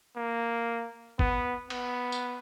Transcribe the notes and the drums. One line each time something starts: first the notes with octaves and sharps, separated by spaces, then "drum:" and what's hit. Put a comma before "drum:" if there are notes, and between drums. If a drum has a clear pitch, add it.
A#3
B3, drum: kick G#1
B3, drum: cymbal
drum: tambourine